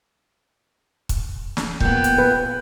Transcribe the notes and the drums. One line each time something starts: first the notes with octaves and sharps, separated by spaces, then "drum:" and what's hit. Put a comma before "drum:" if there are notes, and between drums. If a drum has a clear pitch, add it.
drum: kick C#1, hi-hat
drum: snare
A#2 B3 G5, drum: kick C#1
drum: hi-hat
B4